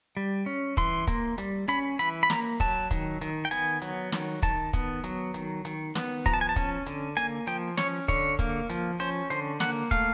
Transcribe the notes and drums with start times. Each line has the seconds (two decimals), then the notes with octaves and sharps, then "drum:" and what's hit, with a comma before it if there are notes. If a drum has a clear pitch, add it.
0.17 G3
0.46 C#4
0.77 E3 C6, drum: kick, hi-hat
1.07 A#3, drum: kick, hi-hat
1.38 G3, drum: hi-hat
1.68 C#4 B5, drum: hi-hat
1.99 E3 B5, drum: hi-hat
2.23 B5
2.30 A#3 A#5, drum: snare
2.60 F#3 A5, drum: kick, hi-hat
2.91 D#3, drum: kick, hi-hat
3.21 D#3, drum: hi-hat
3.45 G5
3.51 B3 G#5, drum: hi-hat
3.82 F#3, drum: hi-hat
4.12 D#3, drum: snare
4.42 D#3 A5, drum: kick, hi-hat
4.73 B3, drum: kick, hi-hat
5.04 F#3, drum: hi-hat
5.34 D#3, drum: hi-hat
5.65 D#3, drum: hi-hat
5.95 B3, drum: snare
6.26 F3 A#5, drum: kick, hi-hat
6.34 A5
6.41 G#5
6.49 A5
6.56 C#4, drum: kick, hi-hat
6.86 D3, drum: hi-hat
7.17 A#3 G#5, drum: hi-hat
7.47 F3 G5, drum: hi-hat
7.77 C#4 C#5, drum: snare
8.08 D3 C#5, drum: kick, hi-hat
8.39 A#3, drum: kick, hi-hat
8.70 F3, drum: hi-hat
9.00 C#4 C5, drum: hi-hat
9.30 D3 C5, drum: hi-hat
9.60 A#3 F#5, drum: snare
9.91 A3 F5, drum: kick, hi-hat